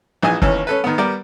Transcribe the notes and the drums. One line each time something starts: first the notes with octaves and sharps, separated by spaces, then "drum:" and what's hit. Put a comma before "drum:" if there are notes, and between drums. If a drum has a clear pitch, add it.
A#1 E3 D#4 D#5 G#5
D#2 E3 C#4, drum: kick
C#4 A4 B4
D#3 B3
G3 B3 A#4 D5